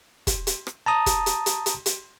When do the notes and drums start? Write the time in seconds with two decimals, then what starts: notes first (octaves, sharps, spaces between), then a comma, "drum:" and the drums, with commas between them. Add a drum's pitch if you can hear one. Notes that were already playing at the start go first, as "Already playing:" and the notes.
0.27 drum: kick, hi-hat
0.47 drum: hi-hat
0.67 drum: rim click
0.86 A5 A#5 D#6
1.06 drum: kick, hi-hat
1.26 drum: hi-hat
1.46 drum: hi-hat
1.66 drum: hi-hat
1.86 drum: hi-hat